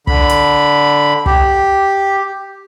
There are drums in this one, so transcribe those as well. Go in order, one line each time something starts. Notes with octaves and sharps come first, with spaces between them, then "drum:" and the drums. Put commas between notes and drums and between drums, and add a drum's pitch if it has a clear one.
D3 B5, drum: kick
drum: hi-hat
G4, drum: kick